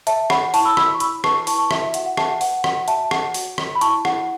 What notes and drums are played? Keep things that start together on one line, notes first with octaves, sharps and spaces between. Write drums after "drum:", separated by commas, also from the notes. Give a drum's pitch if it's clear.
C#5 E5 A5, drum: hi-hat
C#5 F#5 B5, drum: rim click
E4 A5 C#6, drum: open hi-hat
B5 E6
C#5 B5 E6, drum: rim click
C#6
E4 B5 E6, drum: hi-hat
B4 A5 C#6, drum: rim click
E4 A5 C#6, drum: open hi-hat
A5 C#6
E4 E5, drum: rim click
E5
F#4 F#5, drum: hi-hat
F#5
B4 E5 A5, drum: rim click
F#5
B4 F#5, drum: open hi-hat
F#4 F#5, drum: rim click
C#5 E5 A5, drum: hi-hat
A5
C#5 F#5, drum: rim click
F#4, drum: open hi-hat
C#5, drum: rim click
B5
E4 A5 C#6, drum: hi-hat
E4 F#5, drum: rim click